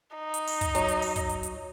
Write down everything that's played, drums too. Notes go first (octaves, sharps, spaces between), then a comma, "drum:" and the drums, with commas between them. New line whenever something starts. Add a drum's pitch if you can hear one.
D#4
drum: hi-hat
drum: open hi-hat
drum: kick, hi-hat
F#3, drum: hi-hat
drum: hi-hat
drum: open hi-hat
drum: kick, hi-hat
drum: hi-hat
drum: hi-hat